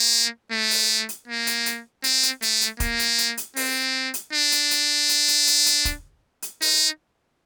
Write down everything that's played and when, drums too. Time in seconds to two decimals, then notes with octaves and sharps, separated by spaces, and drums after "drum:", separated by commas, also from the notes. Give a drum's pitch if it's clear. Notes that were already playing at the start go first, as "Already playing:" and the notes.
Already playing: A#3
0.52 A3
0.71 drum: open hi-hat
1.09 drum: hi-hat
1.28 A#3
1.47 drum: hi-hat
1.66 drum: hi-hat
2.04 C4, drum: hi-hat
2.23 drum: hi-hat
2.42 A3, drum: hi-hat
2.61 drum: hi-hat
2.80 A#3, drum: kick, hi-hat
2.99 drum: hi-hat
3.18 drum: hi-hat
3.37 drum: hi-hat
3.56 C4, drum: open hi-hat
4.14 drum: hi-hat
4.33 D4
4.52 drum: hi-hat
4.71 drum: hi-hat
5.09 drum: hi-hat
5.28 drum: hi-hat
5.47 drum: hi-hat
5.66 drum: hi-hat
5.85 drum: kick, hi-hat
6.42 drum: hi-hat
6.62 D#4, drum: open hi-hat